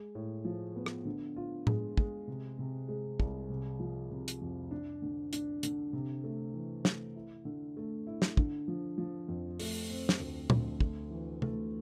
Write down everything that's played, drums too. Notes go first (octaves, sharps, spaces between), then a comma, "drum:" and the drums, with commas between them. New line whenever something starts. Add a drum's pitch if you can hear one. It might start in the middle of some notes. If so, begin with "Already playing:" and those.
Already playing: G#3
A2
F3
B3
drum: rim click
D3
F4
G#3, drum: tom A2
G#3, drum: kick
C3
C3
G#3
C2, drum: kick
C3
F3
C3
drum: hi-hat
F2
D4
D3
D4, drum: hi-hat
D3, drum: hi-hat
C3
A3
E3
A3, drum: snare
E4
D3
A3
E4
drum: snare
D3, drum: kick
F3
F3
F2
A3, drum: open hi-hat
C4
drum: snare
D2
D2, drum: tom
A3, drum: kick
E3
A3, drum: tom C3